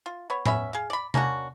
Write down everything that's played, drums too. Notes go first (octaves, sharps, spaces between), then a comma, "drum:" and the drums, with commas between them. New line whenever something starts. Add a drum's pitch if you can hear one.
F4
B3 C#5
B3 C#4 E5 B5, drum: tom A2
G#4 F5
D5 B5
A#3 C#4 D4 F#4, drum: tom C3